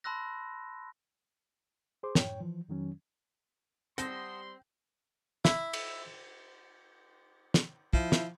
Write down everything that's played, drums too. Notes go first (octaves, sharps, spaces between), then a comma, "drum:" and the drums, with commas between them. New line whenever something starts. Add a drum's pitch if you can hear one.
A5 B5 C6 E6 F#6 A#6
G#4 C5 C6 D6
F#2 A2 C#5 G5, drum: snare
E3 F3
F2 D#3 F#3 C#4
G3 C4 F#5 A5 C6 D#6 A#6, drum: hi-hat
E4, drum: snare
drum: cymbal
drum: snare
F3 E4, drum: kick
drum: snare